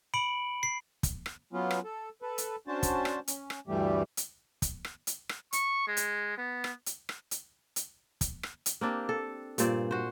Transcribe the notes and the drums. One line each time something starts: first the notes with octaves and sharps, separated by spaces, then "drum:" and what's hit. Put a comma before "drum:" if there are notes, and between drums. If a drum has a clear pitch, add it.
B5 C#7 D7 F#7
C7
drum: kick, hi-hat
drum: rim click
F#3 B3 C#4 F4
drum: rim click
A4
A4 B4
drum: hi-hat
C#4 D4 F#4 C5 A5
drum: kick, hi-hat
drum: rim click
C#4, drum: hi-hat
drum: rim click
D2 G2 E3 G3 A3 G4
drum: hi-hat
drum: kick, hi-hat
drum: rim click
drum: hi-hat
drum: rim click
C#6, drum: hi-hat
G#3
drum: hi-hat
B3
drum: rim click
drum: hi-hat
drum: rim click
drum: hi-hat
drum: hi-hat
drum: kick, hi-hat
drum: rim click
drum: hi-hat
A#3 C4 D4 G4
A4
G2 A#2 C5 D5, drum: hi-hat
F#4 C5